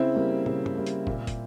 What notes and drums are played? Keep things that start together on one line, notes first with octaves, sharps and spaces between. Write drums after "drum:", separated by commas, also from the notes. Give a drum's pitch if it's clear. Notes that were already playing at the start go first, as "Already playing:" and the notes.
Already playing: C#3 C4 E4
G3 A#3
C#3, drum: tom
drum: tom
G3 A#3
drum: hi-hat
A#2, drum: kick
drum: kick, hi-hat